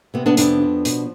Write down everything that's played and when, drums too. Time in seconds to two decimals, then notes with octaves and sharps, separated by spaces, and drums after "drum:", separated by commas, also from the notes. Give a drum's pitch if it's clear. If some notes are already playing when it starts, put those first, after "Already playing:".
0.14 C3 B3
0.26 B3 D4
0.37 F2 B3 D4, drum: hi-hat
0.62 F3
0.85 B2, drum: hi-hat